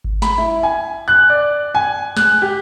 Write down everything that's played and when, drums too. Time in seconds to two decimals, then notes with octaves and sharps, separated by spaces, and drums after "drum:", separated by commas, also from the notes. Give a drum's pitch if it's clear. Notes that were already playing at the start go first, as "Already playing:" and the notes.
0.04 drum: kick G#1
0.22 B5, drum: snare
0.38 E4
0.63 G#5
1.08 F#6
1.30 D5
1.75 G#5
2.17 F#6, drum: snare
2.42 G4